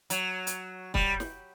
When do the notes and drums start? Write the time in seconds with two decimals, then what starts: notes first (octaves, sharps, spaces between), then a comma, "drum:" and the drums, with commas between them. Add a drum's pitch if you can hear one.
0.10 F#3, drum: hi-hat
0.47 drum: hi-hat
0.94 G3, drum: kick
1.20 drum: snare